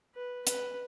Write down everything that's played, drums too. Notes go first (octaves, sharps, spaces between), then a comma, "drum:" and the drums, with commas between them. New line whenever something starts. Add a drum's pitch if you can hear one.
B4
B4, drum: hi-hat